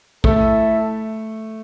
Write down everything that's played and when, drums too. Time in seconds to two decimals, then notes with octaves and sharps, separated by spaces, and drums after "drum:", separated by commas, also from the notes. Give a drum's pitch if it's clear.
0.24 A3 E4 A4 E5, drum: kick